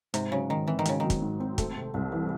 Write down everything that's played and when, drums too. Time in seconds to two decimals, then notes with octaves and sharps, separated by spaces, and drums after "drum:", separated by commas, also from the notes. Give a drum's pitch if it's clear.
0.14 G#2 C3, drum: hi-hat
0.31 C#3 F#3
0.49 G#2 D#3
0.68 E3 C4
0.79 D#3
0.85 G#2 C#3, drum: hi-hat
1.00 D#3 F#3
1.10 drum: kick, hi-hat
1.22 G#2
1.40 C4
1.58 A3, drum: kick, hi-hat
1.77 C3
1.94 C2
2.12 E3